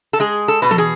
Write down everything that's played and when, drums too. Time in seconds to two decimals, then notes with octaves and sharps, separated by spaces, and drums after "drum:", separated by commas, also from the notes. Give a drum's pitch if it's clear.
0.13 A4
0.20 G#3 G#4
0.48 A4
0.62 B2 B4
0.71 A4, drum: tom E3
0.78 G#4